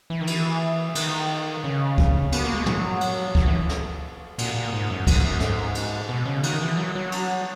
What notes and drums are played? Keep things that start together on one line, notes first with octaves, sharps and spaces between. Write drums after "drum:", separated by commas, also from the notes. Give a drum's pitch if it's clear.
E3
D#3
E3, drum: cymbal
D#3, drum: cymbal
C#3
drum: kick
B3, drum: cymbal
A#3
G#3
F#3, drum: tom
drum: cymbal
F#3, drum: kick
E3
drum: snare
A#2, drum: cymbal
A#2
G#2
F#2
G#2, drum: kick, cymbal
F#2
G#2, drum: snare
drum: cymbal
B2
C#3
D#3, drum: cymbal
E3
F#3
F#3
drum: cymbal